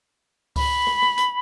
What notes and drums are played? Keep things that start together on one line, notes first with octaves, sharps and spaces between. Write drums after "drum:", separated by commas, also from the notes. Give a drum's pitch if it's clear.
B5, drum: kick C#2, open hi-hat
drum: rim click
drum: rim click
drum: hi-hat